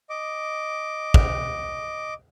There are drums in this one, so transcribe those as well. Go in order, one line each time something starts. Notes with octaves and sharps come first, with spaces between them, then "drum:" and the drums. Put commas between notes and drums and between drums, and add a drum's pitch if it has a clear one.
D#5 D6
drum: kick